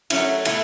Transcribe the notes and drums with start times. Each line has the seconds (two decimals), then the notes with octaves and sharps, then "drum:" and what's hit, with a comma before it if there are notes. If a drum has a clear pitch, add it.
0.10 F#3 A3 C#4 E4, drum: cymbal
0.45 B2 A3 E4 A4, drum: cymbal